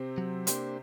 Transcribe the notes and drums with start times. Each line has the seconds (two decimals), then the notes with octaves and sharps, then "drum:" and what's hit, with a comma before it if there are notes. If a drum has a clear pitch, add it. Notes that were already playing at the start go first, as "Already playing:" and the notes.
Already playing: C3 C4
0.18 F#3
0.47 A#3 D4 G4 C5, drum: hi-hat